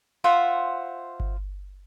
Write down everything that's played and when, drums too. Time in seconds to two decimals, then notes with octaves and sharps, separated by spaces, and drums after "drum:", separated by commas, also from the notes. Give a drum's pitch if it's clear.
0.24 F4 C5 E5 F#5
1.20 drum: kick G1